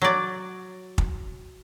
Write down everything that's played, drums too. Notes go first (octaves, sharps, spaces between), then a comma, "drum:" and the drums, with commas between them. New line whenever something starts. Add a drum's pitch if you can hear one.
F#3 D5
drum: kick